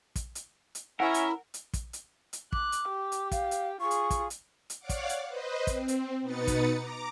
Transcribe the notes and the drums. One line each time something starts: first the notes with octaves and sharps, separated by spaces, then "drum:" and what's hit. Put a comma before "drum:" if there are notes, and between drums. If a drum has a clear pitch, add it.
drum: kick, hi-hat
drum: hi-hat
drum: hi-hat
C#4 E4 A#4 E5 F#5
drum: hi-hat
drum: hi-hat
drum: kick, hi-hat
drum: hi-hat
drum: hi-hat
D6 F#6, drum: kick
drum: hi-hat
G4
drum: hi-hat
F5, drum: kick, hi-hat
drum: hi-hat
F4 G#4 C#6
drum: hi-hat
drum: kick, hi-hat
drum: hi-hat
drum: hi-hat
C#5 D5 F5 F#5 D6
drum: kick, hi-hat
drum: hi-hat
B4 C5 D#5
C4, drum: kick, hi-hat
drum: hi-hat
B2 D#4 B4 D#5 A6 C#7
drum: kick, hi-hat
A#5 D6